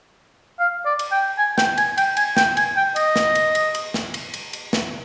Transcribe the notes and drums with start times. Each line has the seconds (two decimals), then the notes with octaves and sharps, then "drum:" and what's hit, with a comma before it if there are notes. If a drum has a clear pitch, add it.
0.59 F5
0.86 D5
0.99 drum: cymbal
1.12 G5
1.38 G#5
1.58 G5, drum: snare
1.77 G#5, drum: cymbal
1.98 G5, drum: cymbal
2.17 G#5, drum: cymbal
2.37 G5, drum: snare
2.57 G#5, drum: cymbal
2.77 G5
2.96 D#5, drum: cymbal
3.16 drum: snare
3.35 drum: cymbal
3.55 drum: cymbal
3.75 drum: cymbal
3.94 drum: snare
4.14 drum: cymbal
4.34 drum: cymbal
4.53 drum: cymbal
4.73 drum: snare